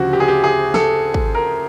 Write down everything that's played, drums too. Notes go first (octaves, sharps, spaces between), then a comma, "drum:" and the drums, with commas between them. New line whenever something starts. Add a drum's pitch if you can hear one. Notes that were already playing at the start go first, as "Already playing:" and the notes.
Already playing: D2 C#3 F3 F#4 G4
G4
G#4
G4
G#4
A4, drum: snare
drum: kick
A#4